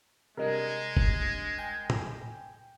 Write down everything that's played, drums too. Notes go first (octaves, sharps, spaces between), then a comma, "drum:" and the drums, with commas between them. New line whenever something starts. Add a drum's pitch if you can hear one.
C3 G3 G#3 D4 A#4 D#5
drum: kick F1
G5 G#5 G6
drum: tom